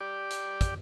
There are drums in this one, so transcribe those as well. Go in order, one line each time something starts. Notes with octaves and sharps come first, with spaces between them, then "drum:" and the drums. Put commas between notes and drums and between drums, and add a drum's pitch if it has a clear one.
G4 D5
drum: hi-hat
drum: kick, hi-hat